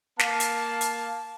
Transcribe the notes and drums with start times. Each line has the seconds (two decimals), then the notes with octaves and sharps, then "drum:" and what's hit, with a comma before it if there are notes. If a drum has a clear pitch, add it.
0.19 A#3 F5 A5, drum: snare
0.40 drum: hi-hat
0.81 drum: hi-hat